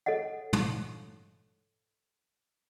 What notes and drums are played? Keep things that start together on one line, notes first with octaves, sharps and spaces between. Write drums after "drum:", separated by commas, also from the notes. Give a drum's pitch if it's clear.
A4 C#5 D#5 F#5
drum: tom